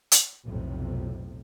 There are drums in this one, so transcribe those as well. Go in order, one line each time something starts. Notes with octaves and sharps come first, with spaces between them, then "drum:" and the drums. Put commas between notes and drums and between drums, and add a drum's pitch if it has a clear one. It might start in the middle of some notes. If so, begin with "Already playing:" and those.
drum: hi-hat
B1 F2 A2 C3